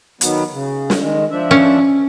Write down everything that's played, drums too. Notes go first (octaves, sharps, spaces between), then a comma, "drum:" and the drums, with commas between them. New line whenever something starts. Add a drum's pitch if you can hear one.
D#3 F#3 B3, drum: hi-hat
C#3
drum: snare
D#3 G#3
F3 D4 E5
C#4